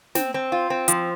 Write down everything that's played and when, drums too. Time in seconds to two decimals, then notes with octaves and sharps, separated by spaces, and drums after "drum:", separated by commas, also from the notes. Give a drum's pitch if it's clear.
0.15 C4, drum: snare
0.34 C4
0.52 F4
0.70 C4
0.88 F3, drum: hi-hat